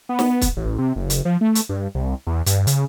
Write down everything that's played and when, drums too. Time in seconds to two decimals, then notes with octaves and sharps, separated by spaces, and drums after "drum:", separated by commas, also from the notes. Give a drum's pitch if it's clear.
0.09 B3
0.19 drum: snare
0.41 drum: kick, hi-hat
0.57 A1
0.78 C3
0.96 F#1
1.10 drum: hi-hat
1.25 F3
1.41 A3
1.55 drum: hi-hat
1.69 G2
1.95 C2
2.27 E2
2.46 G2, drum: hi-hat
2.67 C#3, drum: hi-hat